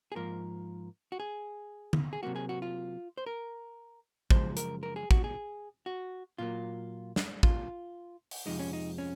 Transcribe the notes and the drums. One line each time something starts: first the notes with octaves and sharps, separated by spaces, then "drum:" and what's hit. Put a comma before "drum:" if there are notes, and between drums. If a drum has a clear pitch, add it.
G#4
G#2 F3 A#3 A#4
F#4
G#4
drum: tom
G#4
C3 F#3 A#3 F#4
G#4
F#4
F4
C5
A#4
F#2 C#3 F3 G#3 C5, drum: kick
A#4, drum: hi-hat
A#4
G#4
F#4, drum: kick
G#4
F#4
A#2 F#3 A#3 F4
drum: snare
F4, drum: kick
drum: open hi-hat
F2 C3 F3 G#3 D#4
C#4
D#4
C#4